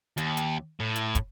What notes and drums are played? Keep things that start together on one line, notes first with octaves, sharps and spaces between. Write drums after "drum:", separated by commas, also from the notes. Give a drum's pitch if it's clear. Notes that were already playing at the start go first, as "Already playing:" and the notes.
D#2, drum: hi-hat
drum: hi-hat
A2
drum: hi-hat
drum: kick, hi-hat